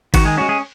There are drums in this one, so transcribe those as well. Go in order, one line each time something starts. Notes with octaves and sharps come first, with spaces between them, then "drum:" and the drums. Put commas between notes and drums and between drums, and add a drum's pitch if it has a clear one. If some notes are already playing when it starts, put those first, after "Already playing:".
D#3 F#4, drum: kick G#1, cymbal
G#3 G#4
G#3 C#4 F#4
G#3 G#4